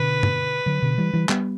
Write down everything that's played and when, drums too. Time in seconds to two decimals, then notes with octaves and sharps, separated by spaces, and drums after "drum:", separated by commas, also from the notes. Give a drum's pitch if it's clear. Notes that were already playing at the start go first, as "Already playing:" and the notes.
Already playing: B2 D3 B4
0.23 drum: tom G2
0.66 D3 F#3
0.82 B2 D3
0.98 E3 G3
1.13 E3 G3
1.29 G3 B3, drum: clap